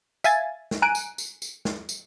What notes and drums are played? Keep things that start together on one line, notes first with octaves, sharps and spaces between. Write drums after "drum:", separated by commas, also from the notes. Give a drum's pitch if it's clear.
E5 F5 G#5 G#6 A6, drum: tambourine
drum: snare
G#5 A#5 F#6 D7 D#7
drum: tambourine
drum: tambourine
drum: tambourine
drum: snare
drum: tambourine